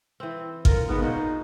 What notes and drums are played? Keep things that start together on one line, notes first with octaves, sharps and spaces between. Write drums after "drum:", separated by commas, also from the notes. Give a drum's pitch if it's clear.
E3 C4
D3 F4 A#4, drum: kick G#1
G#2 C#3 B3
A#2 D#4 F#4 C5